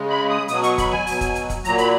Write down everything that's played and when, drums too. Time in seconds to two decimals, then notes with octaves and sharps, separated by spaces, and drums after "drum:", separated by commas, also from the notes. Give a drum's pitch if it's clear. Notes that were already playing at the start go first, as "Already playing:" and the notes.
Already playing: C#3 G#3
0.10 B5
0.30 D#6
0.48 B2 F#3 D#6, drum: hi-hat
0.63 C#6, drum: hi-hat
0.78 B5, drum: kick, hi-hat
0.92 G#5, drum: snare G#3
1.07 B2 F#3, drum: open hi-hat
1.21 drum: kick, hi-hat
1.35 drum: hi-hat
1.50 drum: kick, hi-hat
1.65 A#2 F#3 A#5, drum: hi-hat
1.78 B5, drum: hi-hat